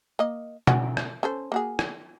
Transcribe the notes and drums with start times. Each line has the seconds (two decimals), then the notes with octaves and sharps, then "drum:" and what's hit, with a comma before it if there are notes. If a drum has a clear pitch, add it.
0.19 A#3 D#5
0.67 C#4 F#4, drum: tom B2
0.97 drum: rim click
1.23 C#4 A4 C5
1.52 A#3 F#4 G#4
1.79 drum: rim click